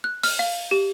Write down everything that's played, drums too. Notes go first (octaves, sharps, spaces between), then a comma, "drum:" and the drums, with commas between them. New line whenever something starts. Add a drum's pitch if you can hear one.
F#6
F6, drum: open hi-hat
F5
G4